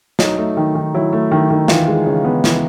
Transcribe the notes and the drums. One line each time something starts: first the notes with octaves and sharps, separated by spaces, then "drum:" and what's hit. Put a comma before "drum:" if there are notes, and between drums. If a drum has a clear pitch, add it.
F#3 D#4, drum: snare
A3
D#3
D#3
F#3 E4
A3
D#3
D#3
E3 F4, drum: snare
G#3
C#3
B3
E3, drum: snare